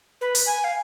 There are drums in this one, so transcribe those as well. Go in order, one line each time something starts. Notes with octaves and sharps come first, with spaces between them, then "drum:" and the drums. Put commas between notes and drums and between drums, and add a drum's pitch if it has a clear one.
B4
drum: open hi-hat
G#5
F5